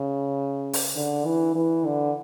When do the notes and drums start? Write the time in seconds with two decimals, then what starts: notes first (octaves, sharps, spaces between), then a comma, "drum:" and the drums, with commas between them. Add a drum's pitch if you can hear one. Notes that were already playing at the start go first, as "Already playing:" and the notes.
Already playing: C#3
0.73 drum: open hi-hat
0.96 D3
1.25 E3
1.55 E3
1.85 D3